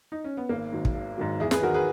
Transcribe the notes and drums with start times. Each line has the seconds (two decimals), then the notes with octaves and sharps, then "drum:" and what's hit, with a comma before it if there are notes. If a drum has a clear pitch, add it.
0.12 D#4
0.24 C#4
0.37 B3
0.49 G#1 A#3
0.72 G#2 D#3 F#3
0.85 drum: kick
0.95 G#1
1.18 G#2 D#3 F#3
1.40 E2 E4 G#4
1.51 G#4 B4, drum: snare
1.62 D#3 F#3 F#4 A#4
1.74 G#4 B4